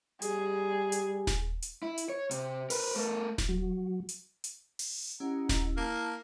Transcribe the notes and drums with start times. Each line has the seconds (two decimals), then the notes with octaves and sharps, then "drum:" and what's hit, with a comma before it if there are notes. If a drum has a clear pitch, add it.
0.22 G3 G#4, drum: hi-hat
0.92 drum: hi-hat
1.27 drum: snare D#1
1.62 drum: hi-hat
1.83 E4
1.98 drum: hi-hat
2.09 C#5
2.31 C3, drum: hi-hat
2.70 A#4 B4, drum: open hi-hat
2.96 A3 A#4
3.38 drum: snare D#1
3.49 F#3
4.09 drum: hi-hat
4.44 drum: hi-hat
4.79 drum: open hi-hat
5.20 C#4 E4 G4 D#5 F#5 A#5
5.49 drum: snare D#1
5.77 A#3 E4 A5 F6